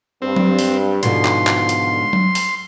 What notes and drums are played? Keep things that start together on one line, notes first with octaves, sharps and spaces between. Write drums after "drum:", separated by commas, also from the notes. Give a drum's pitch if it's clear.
G2 C4
drum: tom F#3
drum: open hi-hat
G#2 B2 D3 F3 F4 C6, drum: hi-hat
drum: clap
drum: clap
drum: hi-hat
drum: tom F#3
drum: open hi-hat